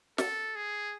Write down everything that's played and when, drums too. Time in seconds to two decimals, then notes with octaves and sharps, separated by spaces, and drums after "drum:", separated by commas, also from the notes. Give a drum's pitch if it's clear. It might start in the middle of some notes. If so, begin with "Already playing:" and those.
0.18 A4, drum: snare
0.56 G#4